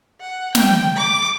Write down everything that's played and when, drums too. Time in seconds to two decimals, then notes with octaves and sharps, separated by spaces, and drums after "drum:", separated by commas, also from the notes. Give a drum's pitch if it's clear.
0.20 F#5
0.55 G5, drum: snare
0.97 D6